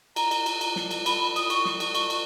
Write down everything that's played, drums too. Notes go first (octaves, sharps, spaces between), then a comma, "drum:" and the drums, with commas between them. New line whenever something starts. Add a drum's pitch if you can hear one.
A#5, drum: cymbal
drum: cymbal
drum: cymbal
drum: cymbal
drum: snare
drum: cymbal
B5, drum: cymbal
B5
D#6, drum: cymbal
C#6, drum: cymbal
drum: snare
drum: cymbal
C#6, drum: cymbal
drum: cymbal